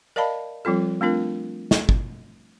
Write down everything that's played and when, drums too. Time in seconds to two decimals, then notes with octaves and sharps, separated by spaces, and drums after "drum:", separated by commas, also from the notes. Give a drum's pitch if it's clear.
0.16 A#4 D5 D#5 F5 A5 B5
0.65 F3 G3 C4 F4 A4
1.01 A3 C4 D4 F4 A#4
1.71 drum: snare
1.89 drum: kick